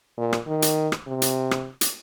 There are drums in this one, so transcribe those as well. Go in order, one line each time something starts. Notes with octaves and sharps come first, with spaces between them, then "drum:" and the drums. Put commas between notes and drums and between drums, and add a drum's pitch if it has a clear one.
A#2
drum: rim click
D#3
drum: hi-hat
drum: rim click
C3
drum: hi-hat
drum: rim click
drum: hi-hat